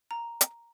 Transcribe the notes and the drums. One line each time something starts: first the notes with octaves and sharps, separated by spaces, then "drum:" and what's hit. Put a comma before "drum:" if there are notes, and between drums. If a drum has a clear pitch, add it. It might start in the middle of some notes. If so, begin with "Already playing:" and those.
A#5
drum: hi-hat